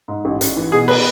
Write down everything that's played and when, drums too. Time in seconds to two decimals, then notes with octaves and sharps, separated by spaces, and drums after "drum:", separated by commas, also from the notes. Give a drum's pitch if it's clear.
0.08 G#2
0.25 A1
0.41 A1, drum: hi-hat
0.57 E3
0.72 B2 G#4
0.88 B4, drum: cymbal